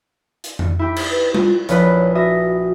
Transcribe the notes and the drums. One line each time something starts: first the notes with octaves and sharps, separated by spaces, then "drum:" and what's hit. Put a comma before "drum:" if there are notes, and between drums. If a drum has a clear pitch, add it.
drum: hi-hat
drum: tom F2
E4 G4 G5
drum: cymbal
B4
F4, drum: tom G3
A#1 B4 C#5, drum: hi-hat
F#4 E5 D#6 A#6